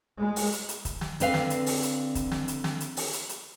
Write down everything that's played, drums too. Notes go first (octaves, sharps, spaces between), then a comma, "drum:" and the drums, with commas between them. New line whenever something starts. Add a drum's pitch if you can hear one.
G#3
drum: open hi-hat
drum: hi-hat
drum: hi-hat
drum: kick C#1, hi-hat
drum: snare
D3 C4 B4 F5, drum: hi-hat
drum: snare
drum: hi-hat
drum: open hi-hat
drum: hi-hat
drum: kick C#1, hi-hat
drum: snare
drum: hi-hat
drum: snare
drum: hi-hat
drum: open hi-hat
drum: hi-hat
drum: hi-hat